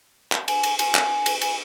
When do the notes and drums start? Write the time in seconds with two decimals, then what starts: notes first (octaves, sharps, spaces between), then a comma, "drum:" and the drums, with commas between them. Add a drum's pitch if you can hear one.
0.32 drum: clap
0.48 G#5, drum: cymbal
0.63 drum: cymbal
0.79 G#5, drum: cymbal
0.95 drum: clap
1.26 drum: cymbal
1.41 G#5, drum: cymbal